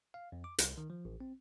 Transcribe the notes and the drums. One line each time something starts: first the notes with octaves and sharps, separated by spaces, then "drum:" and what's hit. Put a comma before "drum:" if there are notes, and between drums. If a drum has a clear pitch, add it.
F5
F2
D6
C2, drum: hi-hat
D#3
F3
A1
C4